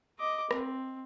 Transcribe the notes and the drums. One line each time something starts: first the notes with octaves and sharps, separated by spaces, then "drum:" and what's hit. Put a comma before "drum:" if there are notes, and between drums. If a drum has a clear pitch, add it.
D#5 D6
C4, drum: rim click